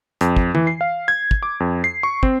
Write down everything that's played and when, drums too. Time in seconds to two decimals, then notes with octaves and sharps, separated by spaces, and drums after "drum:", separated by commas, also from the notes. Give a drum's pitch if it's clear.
0.21 F2, drum: hi-hat
0.37 drum: kick
0.55 E3, drum: tom
0.67 C7
0.81 F5
1.08 G#6
1.31 drum: kick
1.43 D6
1.60 F2
1.84 C7
2.03 C#6
2.23 C4, drum: kick